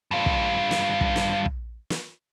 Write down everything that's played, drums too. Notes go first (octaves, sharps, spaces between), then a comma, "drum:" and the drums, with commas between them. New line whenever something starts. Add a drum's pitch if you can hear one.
G2 F4
drum: kick
drum: snare
drum: kick
drum: snare
drum: kick
drum: snare